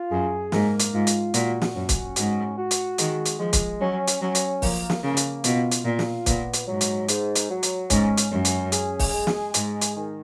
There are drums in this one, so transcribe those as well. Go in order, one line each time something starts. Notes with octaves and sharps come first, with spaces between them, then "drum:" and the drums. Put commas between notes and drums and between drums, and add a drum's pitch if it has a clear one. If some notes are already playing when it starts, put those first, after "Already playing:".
Already playing: F4
F#2 G#4
G#2 A#3, drum: snare
drum: hi-hat
G#2 F4
drum: hi-hat
A#2 F#4, drum: hi-hat
drum: snare
F#2 C#4
drum: kick, hi-hat
G#2 F#4, drum: hi-hat
F#4
drum: hi-hat
D#3 G#3, drum: hi-hat
drum: hi-hat
F3 G#3
drum: kick, hi-hat
F#3 C#4
drum: hi-hat
F#3 C#4
drum: hi-hat
F3 A#3, drum: kick, open hi-hat
drum: snare
C#3 A#3
drum: hi-hat
B2 F4, drum: hi-hat
drum: hi-hat
A#2 F4
drum: snare
A#2 B3, drum: kick, hi-hat
drum: hi-hat
G#2 F#3
drum: hi-hat
G#2, drum: hi-hat
drum: hi-hat
F#3
drum: hi-hat
G#2 C#4, drum: kick, hi-hat
drum: hi-hat
F#2 C#4
drum: hi-hat
G#4, drum: hi-hat
drum: kick, open hi-hat
G#3
drum: snare
G#2 G#4, drum: hi-hat
drum: hi-hat
D#3